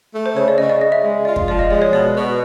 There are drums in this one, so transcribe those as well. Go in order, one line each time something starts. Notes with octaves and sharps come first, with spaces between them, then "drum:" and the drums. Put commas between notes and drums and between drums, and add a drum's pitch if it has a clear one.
A3
C5
C#3 C#5
D5
C#3 D#5
D5
C#3 D#5
E5
G#3
F4 D5
drum: kick
F3 D5
D#5
G#3 D5
C#5
B2 D5
B2